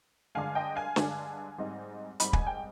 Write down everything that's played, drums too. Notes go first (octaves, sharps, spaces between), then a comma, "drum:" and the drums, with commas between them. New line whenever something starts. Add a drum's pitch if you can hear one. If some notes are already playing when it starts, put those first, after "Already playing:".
G2 D3 G#3 D4 F5 G#5
D#5 G5
F5 G#5
G2 D3 G#3 D4, drum: snare
G#2 G3 C4 D#4
G#2 G3 C4 D#4 B5, drum: hi-hat
G#5, drum: kick
G5